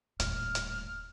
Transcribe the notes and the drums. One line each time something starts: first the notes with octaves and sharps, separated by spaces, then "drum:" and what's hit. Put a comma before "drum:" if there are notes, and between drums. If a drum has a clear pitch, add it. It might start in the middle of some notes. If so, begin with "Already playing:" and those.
D#1 A2 F6, drum: hi-hat
drum: hi-hat